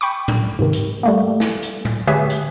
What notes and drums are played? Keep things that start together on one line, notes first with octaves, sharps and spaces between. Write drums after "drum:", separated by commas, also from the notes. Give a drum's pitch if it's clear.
G5 B5 C#6 D6
drum: tom A2
G#2 C3 D#3
drum: hi-hat
G3 A3 A#3
drum: snare
drum: hi-hat
drum: tom
G4 G#4 B4 C#5 E5 G#5, drum: tom D3
drum: hi-hat